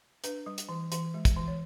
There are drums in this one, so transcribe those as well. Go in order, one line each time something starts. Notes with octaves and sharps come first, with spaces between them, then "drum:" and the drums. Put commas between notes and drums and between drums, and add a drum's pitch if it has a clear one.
D4 B4, drum: hi-hat
G3
drum: hi-hat
E3
E3, drum: hi-hat
G#3
drum: kick, hi-hat
E3
C#5